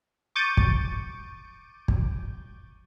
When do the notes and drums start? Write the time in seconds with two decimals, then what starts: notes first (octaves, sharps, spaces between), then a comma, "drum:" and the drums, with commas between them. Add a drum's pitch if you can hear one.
0.35 C#6 D6 G6 A6 D#7
0.57 drum: kick
1.88 drum: kick